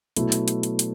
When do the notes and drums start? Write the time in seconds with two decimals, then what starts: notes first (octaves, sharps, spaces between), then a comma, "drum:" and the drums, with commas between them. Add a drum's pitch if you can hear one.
0.16 B2 F#3 A3 E4, drum: hi-hat
0.32 drum: hi-hat
0.48 drum: hi-hat
0.63 drum: hi-hat
0.79 drum: hi-hat